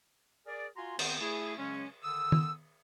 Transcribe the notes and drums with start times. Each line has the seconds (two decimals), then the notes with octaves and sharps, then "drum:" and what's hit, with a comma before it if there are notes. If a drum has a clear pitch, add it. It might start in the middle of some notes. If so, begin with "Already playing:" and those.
0.47 G#4 A#4 D5
0.77 F4 F#4 G#5 A#5 C6
0.99 D#3 B3 C4, drum: cymbal
1.20 A3 E4 G#4
1.58 C#3 F#3 G#3 C#4
2.04 D3 D#3 D#6 E6
2.32 drum: tom D#3